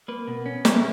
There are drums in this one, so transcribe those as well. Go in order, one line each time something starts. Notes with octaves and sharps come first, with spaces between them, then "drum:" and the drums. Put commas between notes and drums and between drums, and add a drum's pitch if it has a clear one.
A#3 B4
B2
C#4
E4, drum: snare